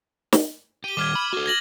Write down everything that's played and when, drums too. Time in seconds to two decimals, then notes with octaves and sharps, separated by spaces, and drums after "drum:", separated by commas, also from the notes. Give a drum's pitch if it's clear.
0.33 drum: snare
0.84 G4 D#7 G7
0.97 D#3 G3 D6 F6 G#6
1.15 B5
1.33 F#4 A4
1.46 G#6 A#6 F#7